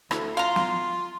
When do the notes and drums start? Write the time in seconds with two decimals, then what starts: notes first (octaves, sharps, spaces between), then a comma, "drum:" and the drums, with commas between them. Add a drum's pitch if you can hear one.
0.11 D2 E4, drum: rim click
0.37 F4 F5 A#5 C6
0.56 drum: snare